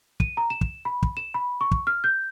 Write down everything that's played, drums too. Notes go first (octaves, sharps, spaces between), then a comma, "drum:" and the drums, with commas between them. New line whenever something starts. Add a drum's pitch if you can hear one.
D#7, drum: kick
A#5
E7
drum: kick
B5
drum: kick
E7
B5
C#6
drum: kick
F6
G6